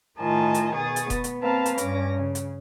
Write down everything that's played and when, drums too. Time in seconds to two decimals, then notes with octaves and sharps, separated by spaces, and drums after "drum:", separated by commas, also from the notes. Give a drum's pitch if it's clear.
0.19 A2 D#3 F4 D#5 G#5 A5
0.54 drum: hi-hat
0.75 B2 G#4 C#6 D#6 A6
0.96 drum: hi-hat
1.10 B3, drum: kick E1, hi-hat
1.24 drum: hi-hat
1.41 A#3 C4 B4 F5 A5 A#5
1.66 drum: hi-hat
1.78 G2 C#4 D6 A#6, drum: hi-hat
2.15 C#3
2.35 drum: hi-hat